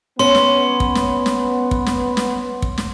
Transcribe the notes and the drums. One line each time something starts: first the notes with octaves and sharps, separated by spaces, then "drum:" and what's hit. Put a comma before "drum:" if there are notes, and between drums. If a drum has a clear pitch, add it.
B3 C#4 C6
drum: snare
drum: kick
drum: snare
drum: snare
drum: kick
drum: snare
drum: snare
drum: kick
drum: snare